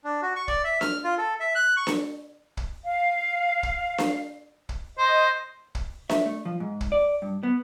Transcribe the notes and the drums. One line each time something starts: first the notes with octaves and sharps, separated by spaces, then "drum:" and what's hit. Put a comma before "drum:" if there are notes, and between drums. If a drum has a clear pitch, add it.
D4
F#4
C#6
D5, drum: kick
E5
F6, drum: snare D4
F4
A4
E5
F#6
C#6
drum: snare D4
drum: kick
F5
drum: kick
drum: snare D4
drum: kick
C5 D#5
drum: kick
E5, drum: snare D4
A3
F3
G#2
drum: kick
D5
G2
B3